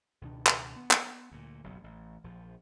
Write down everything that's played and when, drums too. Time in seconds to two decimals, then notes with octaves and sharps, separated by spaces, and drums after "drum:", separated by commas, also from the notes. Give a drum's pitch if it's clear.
0.21 C#2 B2 D#3 D4
0.47 drum: clap
0.76 B3
0.91 drum: clap
1.32 D2 A#2
1.64 F#1 B1
1.84 A1
2.24 A#1 F3